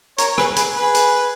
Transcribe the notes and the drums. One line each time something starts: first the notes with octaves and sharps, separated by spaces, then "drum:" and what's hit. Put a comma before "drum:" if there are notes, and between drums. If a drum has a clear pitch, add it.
A#4 C#5, drum: hi-hat
G#4 B4, drum: rim click
G#4 B4, drum: hi-hat
G#4 B4
drum: hi-hat